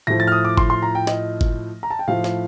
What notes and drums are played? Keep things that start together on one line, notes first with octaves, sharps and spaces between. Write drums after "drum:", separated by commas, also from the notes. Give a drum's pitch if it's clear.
A2 F3 A#6
A6
F6
D#6
D6
C6, drum: kick G1
C6
A#5
G5
D#5, drum: snare
drum: kick G1
A#5
A5
G5
A2 F3 F5
drum: snare